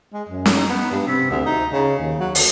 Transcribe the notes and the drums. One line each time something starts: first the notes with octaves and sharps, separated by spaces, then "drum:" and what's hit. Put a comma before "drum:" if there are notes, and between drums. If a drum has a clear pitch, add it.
G#3
F#2
drum: snare C#4
D#4
B3
G2
C3
D2
D#4
C#3
D#2
F#3
D2, drum: open hi-hat